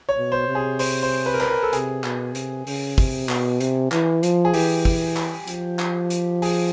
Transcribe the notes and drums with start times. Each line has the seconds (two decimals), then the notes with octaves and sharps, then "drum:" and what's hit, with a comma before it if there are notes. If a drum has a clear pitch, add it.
0.09 C#5
0.17 B2
0.32 C5
0.48 C3
0.55 G#4
0.79 C5, drum: open hi-hat
1.03 C5
1.26 B4
1.34 A#4
1.41 B4, drum: clap
1.49 A#4
1.63 A4
1.73 C3 G#4, drum: hi-hat
2.04 B2, drum: clap
2.35 C3, drum: hi-hat
2.67 C#3, drum: open hi-hat
2.98 C3, drum: kick, open hi-hat
3.29 B2, drum: clap
3.60 C3, drum: hi-hat
3.92 E3, drum: clap
4.23 F3, drum: hi-hat
4.45 G#4
4.54 E3 G4, drum: open hi-hat
4.85 drum: kick, open hi-hat
5.17 drum: clap
5.48 F3, drum: hi-hat
5.79 drum: clap
6.10 drum: hi-hat
6.42 G#4, drum: open hi-hat